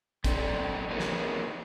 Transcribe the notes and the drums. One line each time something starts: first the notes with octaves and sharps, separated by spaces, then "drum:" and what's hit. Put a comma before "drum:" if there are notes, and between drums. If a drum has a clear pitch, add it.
F#2 C4 A4 D5, drum: kick, hi-hat
A#3 D#4 G#4 A#4 B4 C#5
drum: snare